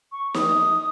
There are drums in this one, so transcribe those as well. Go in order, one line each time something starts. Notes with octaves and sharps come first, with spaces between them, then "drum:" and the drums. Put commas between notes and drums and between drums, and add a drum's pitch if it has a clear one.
C#6
D#6, drum: snare